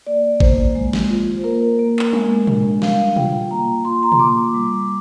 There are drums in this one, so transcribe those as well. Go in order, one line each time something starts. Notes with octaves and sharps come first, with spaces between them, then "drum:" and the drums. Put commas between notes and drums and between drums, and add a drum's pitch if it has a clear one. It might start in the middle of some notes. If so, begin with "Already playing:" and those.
A#3 D5
A#3 C5, drum: kick
G#3
drum: snare
F4
A#3 A#4
A#3
drum: clap
G#3, drum: tom
D4, drum: tom
G3 F5, drum: snare
F4 G5, drum: tom
A#3 A#5
F4 C6
A#5
C6, drum: tom
A#3 D6
G3